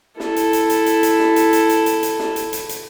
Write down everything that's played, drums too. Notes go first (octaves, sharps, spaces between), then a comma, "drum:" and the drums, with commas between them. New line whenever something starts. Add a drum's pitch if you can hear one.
E4 A4, drum: snare
drum: hi-hat
drum: hi-hat
drum: hi-hat
drum: hi-hat
drum: hi-hat
drum: snare
drum: hi-hat
drum: hi-hat
drum: hi-hat
drum: hi-hat
drum: hi-hat
drum: snare
drum: hi-hat
drum: hi-hat
drum: hi-hat